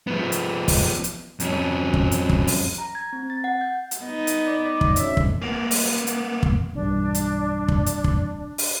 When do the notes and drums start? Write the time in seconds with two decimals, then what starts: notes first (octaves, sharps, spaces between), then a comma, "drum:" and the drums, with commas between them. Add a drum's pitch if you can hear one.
0.07 F3 B3
0.32 drum: hi-hat
0.68 drum: kick, open hi-hat
1.04 drum: hi-hat
1.40 F2 C#4, drum: hi-hat
1.94 drum: kick
2.12 drum: hi-hat
2.29 drum: kick
2.47 drum: open hi-hat
2.78 A#5
2.95 G#6
3.13 C4
3.30 A6
3.44 F#5
3.61 G6
3.91 drum: hi-hat
4.02 B3 D#4
4.27 drum: hi-hat
4.48 D5
4.81 drum: kick
4.96 D2 C#4 E5, drum: hi-hat
5.17 drum: kick
5.42 A#3 B3
5.71 drum: open hi-hat
6.07 drum: hi-hat
6.43 drum: kick
6.74 B1 E2 G2 D4
7.15 drum: hi-hat
7.68 drum: kick
7.86 drum: hi-hat
8.04 drum: kick
8.58 drum: open hi-hat